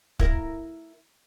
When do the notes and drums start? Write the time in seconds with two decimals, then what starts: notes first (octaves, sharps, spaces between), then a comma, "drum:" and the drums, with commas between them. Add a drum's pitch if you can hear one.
0.19 E4 A#4, drum: kick